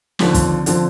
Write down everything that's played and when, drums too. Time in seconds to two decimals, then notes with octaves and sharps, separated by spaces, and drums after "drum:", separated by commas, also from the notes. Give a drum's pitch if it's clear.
0.19 D#2 D3 F3 C4, drum: snare
0.34 drum: kick, hi-hat
0.66 D3 F3 C4, drum: hi-hat